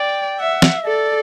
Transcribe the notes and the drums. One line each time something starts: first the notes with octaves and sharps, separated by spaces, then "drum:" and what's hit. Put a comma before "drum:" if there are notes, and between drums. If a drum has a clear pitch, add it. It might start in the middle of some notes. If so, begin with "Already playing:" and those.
Already playing: D5 G5
E5 F#5
drum: snare
A4 D5